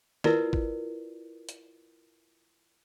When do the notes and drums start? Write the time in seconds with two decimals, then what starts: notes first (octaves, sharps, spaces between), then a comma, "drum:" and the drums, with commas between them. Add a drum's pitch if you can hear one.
0.24 E4 F4 A#4 B4 D5, drum: snare
0.53 drum: kick G#1
1.49 drum: hi-hat